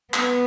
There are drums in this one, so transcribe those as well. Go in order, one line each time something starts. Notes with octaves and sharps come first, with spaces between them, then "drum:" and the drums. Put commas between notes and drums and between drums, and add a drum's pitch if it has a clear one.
B3, drum: clap